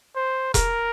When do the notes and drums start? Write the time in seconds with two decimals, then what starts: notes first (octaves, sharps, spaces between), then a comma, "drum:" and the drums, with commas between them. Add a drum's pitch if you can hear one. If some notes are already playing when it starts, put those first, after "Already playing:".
0.16 C5
0.54 A#4, drum: kick E1, hi-hat